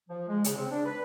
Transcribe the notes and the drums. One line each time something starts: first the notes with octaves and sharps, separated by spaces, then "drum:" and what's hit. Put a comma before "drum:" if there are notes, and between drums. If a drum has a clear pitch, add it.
F3
G#3
C#3, drum: hi-hat
C4
D4
B4